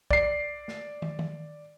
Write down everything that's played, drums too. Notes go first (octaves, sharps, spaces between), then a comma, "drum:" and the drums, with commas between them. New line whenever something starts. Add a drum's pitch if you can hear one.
D5 C7, drum: kick
drum: snare
drum: tom
drum: tom